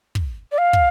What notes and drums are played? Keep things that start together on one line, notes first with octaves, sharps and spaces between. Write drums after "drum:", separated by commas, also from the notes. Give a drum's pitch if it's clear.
drum: kick
D5
F5
drum: kick